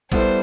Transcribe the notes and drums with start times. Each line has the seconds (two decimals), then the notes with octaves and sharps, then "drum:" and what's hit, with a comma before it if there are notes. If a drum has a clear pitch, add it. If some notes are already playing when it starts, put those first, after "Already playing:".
0.12 G3 B3 E4 A4 C5, drum: kick, cymbal